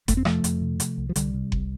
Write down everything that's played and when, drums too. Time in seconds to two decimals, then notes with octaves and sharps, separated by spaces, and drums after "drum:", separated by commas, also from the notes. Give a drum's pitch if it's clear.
0.08 F2 A3, drum: kick F#1, hi-hat
0.17 C4
0.25 C3 F3 A3, drum: rim click
0.44 F2, drum: hi-hat
0.61 C3
0.80 C3, drum: hi-hat
0.98 C2
1.09 F3
1.16 C2 D3 G3, drum: hi-hat
1.34 C3
1.52 C2, drum: kick F#1